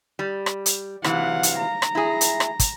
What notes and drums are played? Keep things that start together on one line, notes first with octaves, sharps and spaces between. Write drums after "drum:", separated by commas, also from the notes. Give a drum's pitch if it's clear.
G3
drum: rim click
drum: hi-hat
C3 E3 F#3 F5 F#5, drum: rim click
drum: hi-hat
A#5
drum: rim click
E4 G#4
drum: hi-hat
drum: rim click
drum: kick, hi-hat